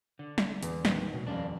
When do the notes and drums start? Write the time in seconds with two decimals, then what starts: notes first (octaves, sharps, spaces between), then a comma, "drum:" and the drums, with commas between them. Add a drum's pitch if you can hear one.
0.19 D3
0.38 drum: snare
0.63 E2, drum: hi-hat
0.85 A#2 D#3 C4, drum: snare
1.14 B2
1.27 D#1 F2 D4 D5 F5